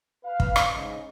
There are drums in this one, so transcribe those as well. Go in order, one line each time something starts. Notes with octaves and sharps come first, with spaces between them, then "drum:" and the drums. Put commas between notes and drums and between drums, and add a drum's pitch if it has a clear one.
B4 F5
drum: kick
drum: rim click
G#2 C#3 D#5